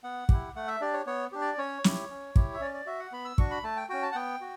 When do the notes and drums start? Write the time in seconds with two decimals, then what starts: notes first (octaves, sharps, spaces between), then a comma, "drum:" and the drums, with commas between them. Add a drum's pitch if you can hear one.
0.04 B3 F#5
0.29 E4 G4, drum: kick
0.56 A3 F#5
0.68 E5
0.81 D4 G4 D5
0.93 C#5
1.06 B3 C#5
1.32 D4 G4
1.41 D5
1.58 C#4 C#5
1.84 E4 G4, drum: snare
2.10 C#4
2.36 E4 G4, drum: kick
2.54 E5
2.61 C#4 D5
2.74 D5
2.86 F#4 E5
2.99 F#5
3.12 B3 B5
3.25 E6
3.38 D4 F#4 C#6, drum: kick
3.51 B5
3.63 A3 A5
3.77 G5
3.89 C#4 F#4 G5
4.03 A5
4.12 F#5
4.15 B3 G5
4.41 F#4